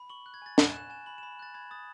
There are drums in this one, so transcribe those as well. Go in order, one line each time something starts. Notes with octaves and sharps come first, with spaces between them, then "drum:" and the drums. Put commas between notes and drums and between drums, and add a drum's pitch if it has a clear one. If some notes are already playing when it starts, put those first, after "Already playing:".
Already playing: B5
C#6 F#7
F#6
G#6
G#5 A6
G#5 E7, drum: snare
F#6 E7
G#5 E7
B5 F#7
B5 E7
F#6 A6
B5 G#6
D#6 A6